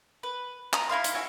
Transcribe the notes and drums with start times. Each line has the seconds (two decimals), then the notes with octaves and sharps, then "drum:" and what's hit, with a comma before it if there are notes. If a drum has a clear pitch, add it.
0.23 B4
0.73 A#5 D#6, drum: clap
0.89 D#4 E4 F5 C6
1.04 drum: hi-hat
1.15 E4 F#4 G#5